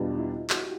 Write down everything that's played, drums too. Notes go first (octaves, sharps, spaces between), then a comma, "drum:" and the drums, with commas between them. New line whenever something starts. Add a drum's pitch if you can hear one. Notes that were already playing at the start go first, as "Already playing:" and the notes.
Already playing: E2 B2 G3 B3 D4 F4
D#4
E4
F#4, drum: clap
G4